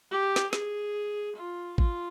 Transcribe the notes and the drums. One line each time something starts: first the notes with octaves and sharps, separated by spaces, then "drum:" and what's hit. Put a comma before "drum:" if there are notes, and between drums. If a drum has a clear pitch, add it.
G4
drum: snare
G#4, drum: snare
F4
F4, drum: kick